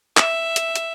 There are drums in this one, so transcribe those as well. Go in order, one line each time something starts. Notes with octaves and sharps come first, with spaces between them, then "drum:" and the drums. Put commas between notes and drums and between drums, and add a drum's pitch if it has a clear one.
E5, drum: clap
drum: hi-hat
drum: hi-hat